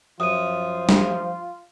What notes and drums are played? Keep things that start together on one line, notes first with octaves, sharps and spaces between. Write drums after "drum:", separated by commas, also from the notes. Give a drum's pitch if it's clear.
F#2 F3 F4 D#6 D#7
drum: snare